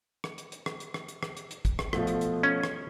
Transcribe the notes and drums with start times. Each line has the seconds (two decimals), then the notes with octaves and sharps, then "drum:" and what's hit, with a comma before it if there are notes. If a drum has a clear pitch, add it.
0.24 drum: rim click
0.38 drum: hi-hat
0.52 drum: hi-hat
0.66 drum: rim click
0.80 drum: hi-hat
0.94 drum: rim click
1.08 drum: hi-hat
1.23 drum: rim click
1.37 drum: hi-hat
1.51 drum: hi-hat
1.65 drum: kick, hi-hat
1.79 drum: rim click
1.93 B2 F3 A3, drum: rim click
2.07 drum: hi-hat
2.21 drum: hi-hat
2.43 C#4
2.63 drum: rim click